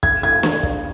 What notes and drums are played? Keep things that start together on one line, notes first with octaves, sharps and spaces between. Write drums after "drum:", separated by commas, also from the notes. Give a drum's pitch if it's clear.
G#6, drum: kick
G#6
drum: snare
drum: kick